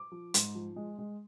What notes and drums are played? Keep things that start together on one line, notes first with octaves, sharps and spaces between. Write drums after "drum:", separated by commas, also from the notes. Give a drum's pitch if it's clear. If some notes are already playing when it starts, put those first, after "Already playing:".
Already playing: D6
F3
G#2 C6, drum: hi-hat
F3
G#3
G#3